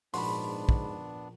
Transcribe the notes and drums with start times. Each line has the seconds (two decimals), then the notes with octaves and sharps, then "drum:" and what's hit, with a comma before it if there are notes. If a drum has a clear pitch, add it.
0.14 A#1 G#2 B3 D4 F#4 B5 C6, drum: open hi-hat
0.69 drum: kick